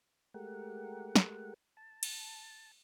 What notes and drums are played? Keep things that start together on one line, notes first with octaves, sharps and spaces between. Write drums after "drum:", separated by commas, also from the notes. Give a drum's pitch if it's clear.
G#3 A3 G4 A#4 F#5
drum: snare
A5
drum: cymbal